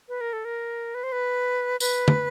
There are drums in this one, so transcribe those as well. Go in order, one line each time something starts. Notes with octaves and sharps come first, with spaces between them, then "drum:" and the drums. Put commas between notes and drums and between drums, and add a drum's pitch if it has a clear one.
B4
A#4
A4
A#4
B4
C5
B4
B4, drum: tambourine
drum: tom